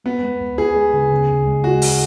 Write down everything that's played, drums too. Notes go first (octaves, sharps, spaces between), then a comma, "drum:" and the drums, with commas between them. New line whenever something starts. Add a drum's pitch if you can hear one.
G#3 B3
G#3
D2
D2 G#4
G#3
C#3
C#3
D2
G#3
G#3 F#4
G#3, drum: open hi-hat